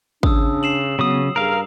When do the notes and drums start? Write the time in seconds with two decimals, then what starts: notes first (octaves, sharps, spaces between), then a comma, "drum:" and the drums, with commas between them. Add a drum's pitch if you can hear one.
0.23 C#3 D4 D#6 E6, drum: kick
0.63 C7 E7 F#7
0.99 C#3 F#3 B3 D#6
1.36 G2 G#4 A#4 F5